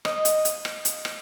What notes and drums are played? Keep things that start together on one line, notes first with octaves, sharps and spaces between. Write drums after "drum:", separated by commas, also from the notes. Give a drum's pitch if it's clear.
D#5, drum: rim click
drum: hi-hat
drum: hi-hat
drum: rim click
drum: hi-hat
drum: rim click